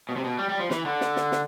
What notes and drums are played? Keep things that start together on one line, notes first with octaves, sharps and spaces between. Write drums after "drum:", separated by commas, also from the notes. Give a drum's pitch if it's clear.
B2
C3
B2
G3
G3
F3
E3, drum: snare
D3
drum: snare
drum: snare
drum: snare